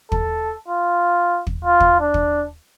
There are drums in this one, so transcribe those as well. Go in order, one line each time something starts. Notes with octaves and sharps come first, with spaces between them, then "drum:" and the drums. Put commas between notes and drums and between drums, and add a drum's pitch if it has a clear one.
A4, drum: kick
F4
drum: kick
F4
drum: kick
D4
drum: kick